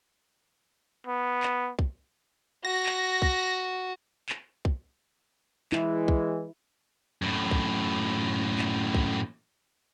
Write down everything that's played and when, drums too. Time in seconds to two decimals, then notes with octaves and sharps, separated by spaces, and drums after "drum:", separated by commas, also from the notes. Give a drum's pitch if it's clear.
1.07 B3
1.43 drum: clap
1.79 drum: kick
2.65 F#4 A#6
2.86 drum: clap
3.22 drum: kick
4.29 drum: clap
4.65 drum: kick
5.72 E3 G#3 E4, drum: clap
6.08 drum: kick
7.22 F#2 A2
7.51 drum: kick
8.59 drum: clap
8.95 drum: kick